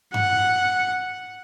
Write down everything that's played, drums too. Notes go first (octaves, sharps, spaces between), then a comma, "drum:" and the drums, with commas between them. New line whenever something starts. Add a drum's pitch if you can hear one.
F#5, drum: tom G2